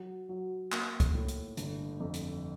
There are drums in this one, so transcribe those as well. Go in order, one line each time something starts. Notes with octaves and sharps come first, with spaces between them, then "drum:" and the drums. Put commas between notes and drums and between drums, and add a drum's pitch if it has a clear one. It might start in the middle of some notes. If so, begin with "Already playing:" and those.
Already playing: F#3
F#3
A#3, drum: clap
drum: kick C2, hi-hat
A2
drum: hi-hat
G1, drum: hi-hat
F2
drum: hi-hat